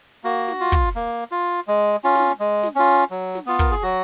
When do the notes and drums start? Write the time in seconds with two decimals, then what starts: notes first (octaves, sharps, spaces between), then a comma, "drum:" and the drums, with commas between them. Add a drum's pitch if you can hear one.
0.24 A#3 F#4
0.48 drum: snare
0.60 F4
0.72 drum: kick
0.95 A#3
1.32 F4
1.68 G#3
2.04 C#4 F4
2.15 drum: snare
2.40 G#3
2.63 drum: snare
2.76 C#4 F4
3.10 F#3
3.35 drum: snare
3.46 B3 F4
3.59 A#4, drum: kick
3.71 G#4
3.82 F#3 F#4